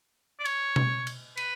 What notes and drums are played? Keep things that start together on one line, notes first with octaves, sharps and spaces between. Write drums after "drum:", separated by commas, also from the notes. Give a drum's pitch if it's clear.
D5
C#5, drum: cymbal
drum: tom B2
drum: cymbal
B4, drum: cymbal